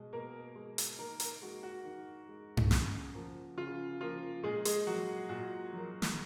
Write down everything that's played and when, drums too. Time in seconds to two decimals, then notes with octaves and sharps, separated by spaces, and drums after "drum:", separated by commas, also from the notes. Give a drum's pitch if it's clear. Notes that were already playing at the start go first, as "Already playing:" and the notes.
Already playing: B2 G#3
0.13 B2 A#3 A#4
0.56 G#3
0.78 drum: hi-hat
0.98 D#3 A#3 A#4
1.20 A#3 A#4, drum: hi-hat
1.42 G#3 F#4
1.63 F#4
1.85 D#3
2.29 G#3
2.57 drum: tom G2
2.71 C#3, drum: snare
3.14 F3 A#3
3.57 C#3 F4
4.01 F3 A#3 F4
4.43 A#2 G#3 G#4
4.65 G#3 G#4, drum: hi-hat
4.86 F#3 A#3 F#4
5.29 A#2 F#4
5.73 F#3 A#3
6.02 drum: snare